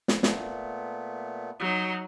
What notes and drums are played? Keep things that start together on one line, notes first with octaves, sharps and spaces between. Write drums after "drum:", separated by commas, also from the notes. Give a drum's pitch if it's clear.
drum: snare
A#2 A3 B3, drum: snare
F#3 D#4